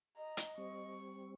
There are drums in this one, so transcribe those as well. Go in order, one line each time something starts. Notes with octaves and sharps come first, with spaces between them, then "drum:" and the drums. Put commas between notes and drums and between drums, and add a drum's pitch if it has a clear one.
D#5 A#5
drum: hi-hat
G3 C4 C#6